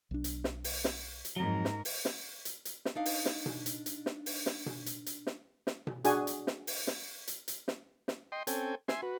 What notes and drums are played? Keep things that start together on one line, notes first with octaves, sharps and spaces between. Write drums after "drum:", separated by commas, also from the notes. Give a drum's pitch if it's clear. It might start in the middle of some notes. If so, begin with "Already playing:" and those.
B1 D4
drum: hi-hat
drum: snare
drum: open hi-hat
drum: snare
drum: hi-hat
F2 G#2 F#3 A#4
drum: snare
drum: open hi-hat
drum: snare
drum: hi-hat
drum: hi-hat
drum: snare
D4 D#4 F5
drum: open hi-hat
drum: snare
drum: tom B2
drum: hi-hat
drum: hi-hat
drum: snare
drum: open hi-hat
drum: snare
drum: tom B2
drum: hi-hat
drum: hi-hat
drum: snare
drum: snare
drum: tom B2
D4 F#4 G#4 G#5, drum: hi-hat
drum: hi-hat
drum: snare
drum: open hi-hat
drum: snare
drum: hi-hat
drum: hi-hat
drum: snare
drum: snare
D#5 G5 C6
C4 C#4 A4 G5 G#5, drum: hi-hat
E5 G#5 C6, drum: snare
F#4 B4